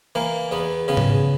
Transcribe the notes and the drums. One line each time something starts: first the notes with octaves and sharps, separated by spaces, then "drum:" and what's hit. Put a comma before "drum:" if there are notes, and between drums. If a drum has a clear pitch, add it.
E3 A#3
E2 B3
C#3 B3
drum: tom G#2